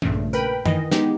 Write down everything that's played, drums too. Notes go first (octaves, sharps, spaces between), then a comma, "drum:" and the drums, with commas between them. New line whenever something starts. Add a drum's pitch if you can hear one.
A#1 G2 A#2 C#3 A3, drum: tom
A#4 B4 G5 B5
D#3 E3 D#5, drum: tom F#2
G#3 B3 D#4 G4, drum: snare